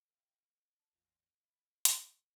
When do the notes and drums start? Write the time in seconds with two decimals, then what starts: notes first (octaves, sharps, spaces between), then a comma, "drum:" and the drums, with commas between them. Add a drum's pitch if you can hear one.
0.08 A#4 E5 F5 G5
0.78 A5
0.93 A1 E2 A#2 F4 G6 A#6
1.43 E5 B5 A6
1.85 G1, drum: hi-hat